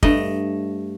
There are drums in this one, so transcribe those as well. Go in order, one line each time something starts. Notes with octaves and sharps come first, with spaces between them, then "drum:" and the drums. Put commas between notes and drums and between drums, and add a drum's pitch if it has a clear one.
G2 A3 D#5, drum: kick